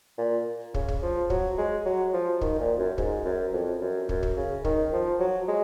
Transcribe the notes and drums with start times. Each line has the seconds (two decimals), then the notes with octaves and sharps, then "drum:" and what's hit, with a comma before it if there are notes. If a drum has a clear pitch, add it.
0.18 A#2
0.74 C#3, drum: kick
0.88 drum: kick
1.03 F3
1.30 F#3, drum: kick
1.58 G#3
1.85 F#3
2.13 F3
2.41 D#3, drum: kick
2.60 A#2
2.78 F#2
2.98 G#2, drum: kick
3.25 F#2
3.53 F2
3.81 F#2
4.09 F#2, drum: kick
4.23 drum: kick
4.37 C#3
4.65 D#3, drum: kick
4.93 F3
5.20 F#3
5.48 G#3